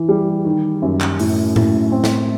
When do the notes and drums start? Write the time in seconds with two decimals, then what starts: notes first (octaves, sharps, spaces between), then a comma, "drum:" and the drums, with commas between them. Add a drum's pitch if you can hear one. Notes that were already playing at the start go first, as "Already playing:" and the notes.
Already playing: E3
0.09 G3
0.45 D#3
0.82 F#2
1.01 drum: clap
1.19 A2, drum: open hi-hat
1.56 A2, drum: tom A2
1.92 C4
2.04 drum: snare